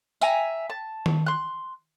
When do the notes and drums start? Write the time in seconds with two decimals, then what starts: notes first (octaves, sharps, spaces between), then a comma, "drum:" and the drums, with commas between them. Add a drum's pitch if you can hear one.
0.21 E5 G#5 A#5, drum: tambourine
0.70 A5
1.06 drum: tom D#3
1.26 C6 F#6